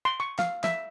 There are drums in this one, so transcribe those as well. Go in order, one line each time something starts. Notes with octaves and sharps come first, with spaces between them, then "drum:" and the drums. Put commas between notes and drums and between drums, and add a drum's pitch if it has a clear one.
C6
C#6
F5, drum: snare
E5, drum: snare